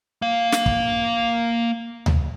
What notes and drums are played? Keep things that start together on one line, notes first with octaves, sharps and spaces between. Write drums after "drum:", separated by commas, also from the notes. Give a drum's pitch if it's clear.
A#3 F5
drum: snare
drum: kick
drum: tom D2